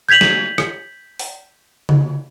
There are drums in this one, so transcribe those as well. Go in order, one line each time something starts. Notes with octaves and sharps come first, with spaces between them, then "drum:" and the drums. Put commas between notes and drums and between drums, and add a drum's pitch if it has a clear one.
G6 G#6 B6 F7 F#7
drum: snare
drum: rim click
drum: open hi-hat
drum: tom